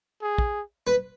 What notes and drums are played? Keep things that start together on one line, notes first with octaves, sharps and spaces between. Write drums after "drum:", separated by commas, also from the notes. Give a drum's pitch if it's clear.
G#4
drum: kick
B4